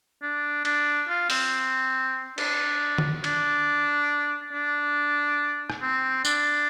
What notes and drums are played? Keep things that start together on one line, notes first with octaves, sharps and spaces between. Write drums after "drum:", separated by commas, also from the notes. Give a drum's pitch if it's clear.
D4
D4, drum: cymbal
F4
C4, drum: open hi-hat
D4, drum: cymbal
drum: tom D3
D4, drum: cymbal
D4
drum: rim click
C4
D4, drum: tambourine